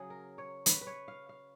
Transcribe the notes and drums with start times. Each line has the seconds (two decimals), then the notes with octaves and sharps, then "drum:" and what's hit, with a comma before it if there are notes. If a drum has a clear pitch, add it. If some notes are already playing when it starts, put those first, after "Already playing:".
Already playing: C#3 F#3 C#4 G#4
0.10 A#4
0.38 C#5
0.66 B4, drum: hi-hat
0.81 B4
0.87 C#5
1.08 F5
1.29 F5